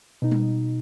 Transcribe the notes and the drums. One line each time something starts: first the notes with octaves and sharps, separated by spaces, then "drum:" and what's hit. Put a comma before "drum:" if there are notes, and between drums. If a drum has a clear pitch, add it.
B2 D#4
drum: tom G3